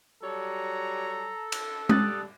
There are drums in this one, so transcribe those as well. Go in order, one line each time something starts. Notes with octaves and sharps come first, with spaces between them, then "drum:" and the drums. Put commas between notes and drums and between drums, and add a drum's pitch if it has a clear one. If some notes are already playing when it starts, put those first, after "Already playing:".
F#3 G3 A4 C#5 A#5
drum: cymbal
G3 D#6 F#6 A6, drum: tom G#3